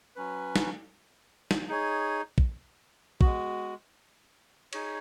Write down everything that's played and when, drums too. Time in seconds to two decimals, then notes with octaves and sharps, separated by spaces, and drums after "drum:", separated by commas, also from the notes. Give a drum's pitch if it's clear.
0.16 F#3 C#4 B4
0.56 drum: snare
1.51 drum: snare
1.69 D#4 G#4 C#5
2.38 drum: kick
3.21 G#3 B3 F#4, drum: kick
4.73 D#4 G#4 C#5, drum: cymbal